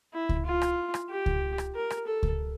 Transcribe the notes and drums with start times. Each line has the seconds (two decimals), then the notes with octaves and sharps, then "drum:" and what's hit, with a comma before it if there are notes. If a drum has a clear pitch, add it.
0.13 E4
0.29 drum: kick C#2
0.45 F4
0.62 drum: rim click
0.94 drum: rim click
1.09 G4
1.26 drum: kick C#2
1.58 drum: rim click
1.75 A#4
1.90 drum: rim click
2.07 A4
2.23 drum: kick C#2